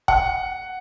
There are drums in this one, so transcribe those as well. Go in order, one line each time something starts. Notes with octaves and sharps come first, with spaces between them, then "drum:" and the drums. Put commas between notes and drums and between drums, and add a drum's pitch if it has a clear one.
F#5, drum: kick F#1